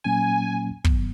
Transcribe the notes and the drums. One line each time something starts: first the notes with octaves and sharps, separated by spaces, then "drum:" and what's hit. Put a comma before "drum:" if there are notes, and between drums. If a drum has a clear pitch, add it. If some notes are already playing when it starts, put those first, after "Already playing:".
A#2 F#3 A#3 C#4 G#5
G2 D#3 F#3 B3, drum: kick